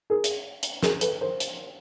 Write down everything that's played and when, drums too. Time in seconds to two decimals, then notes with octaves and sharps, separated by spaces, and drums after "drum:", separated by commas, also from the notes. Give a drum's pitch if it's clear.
0.10 G#4 A#4
0.24 drum: hi-hat
0.63 drum: hi-hat
0.83 G#4 A#4, drum: snare
1.01 A4 B4, drum: hi-hat
1.21 A#4 C5
1.40 drum: hi-hat